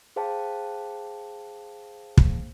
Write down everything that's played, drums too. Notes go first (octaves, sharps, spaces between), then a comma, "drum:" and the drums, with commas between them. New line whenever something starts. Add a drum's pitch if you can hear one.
G#4 C5 F5 G5 A5
drum: kick